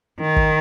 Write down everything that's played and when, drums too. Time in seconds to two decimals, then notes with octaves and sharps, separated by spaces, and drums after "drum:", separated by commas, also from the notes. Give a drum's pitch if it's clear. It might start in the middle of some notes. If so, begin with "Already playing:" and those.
0.20 D#3
0.36 drum: kick